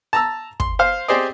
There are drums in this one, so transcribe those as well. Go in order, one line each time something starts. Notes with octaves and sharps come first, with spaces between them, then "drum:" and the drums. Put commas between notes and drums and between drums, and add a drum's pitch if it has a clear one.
A5 A#5 E6
C6, drum: kick
C5 F5
C4 G4 G#4 C5 D5 D#5